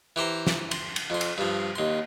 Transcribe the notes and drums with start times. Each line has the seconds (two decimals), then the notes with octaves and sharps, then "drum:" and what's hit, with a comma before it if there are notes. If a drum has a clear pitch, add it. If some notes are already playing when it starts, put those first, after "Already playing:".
0.16 E3 G4 C5 A#5
0.47 drum: snare
0.71 C6, drum: cymbal
0.96 drum: cymbal
1.10 F2 C6
1.21 drum: cymbal
1.38 G2 F3
1.76 D#2 C6